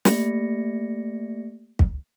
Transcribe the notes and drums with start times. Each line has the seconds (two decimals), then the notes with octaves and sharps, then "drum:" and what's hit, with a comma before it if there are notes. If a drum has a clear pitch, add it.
0.05 A3 A#3 G4 D5 A#6 C#7, drum: snare
1.79 drum: kick